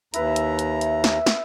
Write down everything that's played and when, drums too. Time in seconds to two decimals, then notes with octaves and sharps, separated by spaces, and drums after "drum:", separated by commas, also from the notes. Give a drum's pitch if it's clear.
0.14 D#2 E4 B4 E5 A#5, drum: hi-hat
0.36 drum: hi-hat
0.59 drum: hi-hat
0.81 drum: hi-hat
1.04 drum: snare
1.26 drum: snare